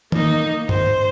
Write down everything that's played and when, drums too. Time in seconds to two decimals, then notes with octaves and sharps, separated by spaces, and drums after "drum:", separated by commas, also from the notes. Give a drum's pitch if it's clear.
0.12 A#3 D#4, drum: tom D#3
0.69 C5, drum: tom G2